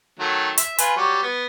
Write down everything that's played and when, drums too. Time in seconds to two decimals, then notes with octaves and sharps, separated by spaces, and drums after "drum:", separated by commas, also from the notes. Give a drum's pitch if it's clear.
0.19 D#3 F#3 A3
0.58 E5, drum: hi-hat
0.78 F4 B4 G#5, drum: hi-hat
0.97 F#3 G3 C#6
1.22 B3